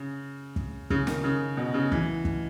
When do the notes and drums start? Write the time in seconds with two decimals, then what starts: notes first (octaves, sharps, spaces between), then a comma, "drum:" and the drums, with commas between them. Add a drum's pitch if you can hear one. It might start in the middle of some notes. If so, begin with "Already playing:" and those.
Already playing: C#3
0.56 drum: kick
0.90 C#3, drum: kick
1.07 D#3, drum: snare
1.24 C#3
1.57 B2
1.74 C#3
1.92 E3, drum: kick
2.25 drum: kick